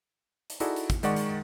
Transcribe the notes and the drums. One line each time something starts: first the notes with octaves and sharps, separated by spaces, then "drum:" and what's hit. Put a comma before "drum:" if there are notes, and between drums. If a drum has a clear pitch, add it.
drum: hi-hat
D#4 E4 F#4 G#4 A4 D5, drum: hi-hat
drum: hi-hat
drum: kick, hi-hat
D#3 G#3 D5 F#5 C#6, drum: hi-hat
drum: hi-hat